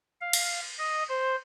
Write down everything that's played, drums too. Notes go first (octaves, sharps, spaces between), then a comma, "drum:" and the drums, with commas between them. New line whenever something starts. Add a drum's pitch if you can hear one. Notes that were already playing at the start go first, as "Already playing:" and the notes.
F5
drum: cymbal
D#5
C5